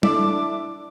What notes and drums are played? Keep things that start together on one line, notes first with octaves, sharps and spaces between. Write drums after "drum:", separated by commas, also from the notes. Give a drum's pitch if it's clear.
D4 E4 A4 D5 E5 D6, drum: tom G3